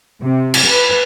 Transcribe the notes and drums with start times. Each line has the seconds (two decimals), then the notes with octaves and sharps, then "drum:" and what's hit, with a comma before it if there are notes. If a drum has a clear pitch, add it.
0.22 C3
0.54 drum: cymbal
0.65 B4